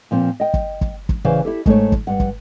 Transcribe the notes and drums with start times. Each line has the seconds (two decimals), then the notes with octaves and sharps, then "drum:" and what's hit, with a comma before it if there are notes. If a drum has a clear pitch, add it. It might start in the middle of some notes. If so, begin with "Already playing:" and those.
0.11 A#2 F3 C4
0.40 D#5 G5
0.54 drum: kick
0.81 drum: kick
1.09 drum: kick
1.25 C#3 E3 C5 D5 F5
1.45 E4 G4 A4
1.66 G#2 A3 G#4 C#5, drum: kick
1.92 drum: kick
2.07 G2 F#5
2.20 drum: kick